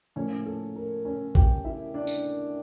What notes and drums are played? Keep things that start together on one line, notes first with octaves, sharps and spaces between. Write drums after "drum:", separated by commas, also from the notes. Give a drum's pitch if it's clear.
A2 F3 A#3 C#4 C#5
A4
A#4
C#4 C#5
G4 G5, drum: kick A1
E4 E5
D4 D5
drum: tambourine